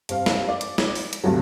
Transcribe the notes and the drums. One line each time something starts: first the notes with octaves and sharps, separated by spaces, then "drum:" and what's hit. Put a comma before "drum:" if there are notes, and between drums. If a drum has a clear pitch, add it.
G2 C4 F5, drum: hi-hat
drum: snare
D5
drum: hi-hat
drum: snare
drum: open hi-hat
drum: hi-hat
D2 G2 C3 F#3